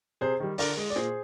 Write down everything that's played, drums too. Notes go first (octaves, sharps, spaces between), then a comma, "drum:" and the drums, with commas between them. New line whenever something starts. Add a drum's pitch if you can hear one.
C3 G#4 C5
D#3 G3
D3 A#4 D5, drum: open hi-hat
G#3
D5
A#2 G#4 C5